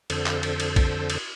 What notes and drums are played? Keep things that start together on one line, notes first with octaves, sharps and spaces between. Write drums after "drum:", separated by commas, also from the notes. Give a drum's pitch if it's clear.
F2 D3 A4 C5, drum: cymbal
drum: clap
drum: cymbal
drum: cymbal
drum: kick A#1, cymbal
drum: cymbal